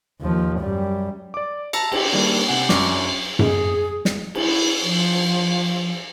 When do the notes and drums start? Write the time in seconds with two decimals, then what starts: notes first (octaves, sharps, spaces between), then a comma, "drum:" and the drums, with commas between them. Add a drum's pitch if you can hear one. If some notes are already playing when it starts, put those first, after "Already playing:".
0.21 D#2 F3
0.60 F#2 G3
1.34 D5 D6
1.73 A5 A#5 E6 A#6 C#7, drum: cymbal
1.92 G4 D5 G5, drum: cymbal
2.13 D#3 G3 A#3 D4
2.47 C3 F#5 G#5
2.69 F#2 C#4 D4 C#6 D6, drum: snare
3.39 G#4, drum: tom F#2
4.05 drum: snare
4.35 E4, drum: cymbal
4.83 F3